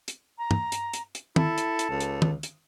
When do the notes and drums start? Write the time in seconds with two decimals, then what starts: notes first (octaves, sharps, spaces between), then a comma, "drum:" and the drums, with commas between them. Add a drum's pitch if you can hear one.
0.08 drum: hi-hat
0.38 A#5
0.51 drum: tom
0.72 drum: hi-hat
0.93 drum: hi-hat
1.15 drum: hi-hat
1.36 E4 A4, drum: tom
1.58 drum: hi-hat
1.79 drum: hi-hat
1.89 C#2
2.00 drum: hi-hat
2.22 drum: tom
2.43 drum: hi-hat